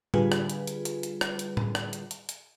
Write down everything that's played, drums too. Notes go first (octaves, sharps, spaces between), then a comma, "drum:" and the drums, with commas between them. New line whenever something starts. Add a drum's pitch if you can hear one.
D3 G3 F4 G#4 B4, drum: tom A2
drum: rim click
drum: hi-hat
drum: hi-hat
drum: hi-hat
drum: hi-hat
drum: rim click
drum: hi-hat
drum: tom A2
drum: rim click
drum: hi-hat
drum: hi-hat
drum: hi-hat